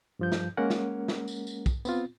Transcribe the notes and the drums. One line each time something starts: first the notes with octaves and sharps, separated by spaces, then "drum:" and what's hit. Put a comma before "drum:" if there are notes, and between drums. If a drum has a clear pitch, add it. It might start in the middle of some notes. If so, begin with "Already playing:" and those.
G2 F3 G6
drum: snare
G#3 A#3 C#4 A#4 F#5
drum: snare
drum: snare
drum: tambourine
drum: tambourine
drum: kick, tambourine
B3 C4 F4, drum: tambourine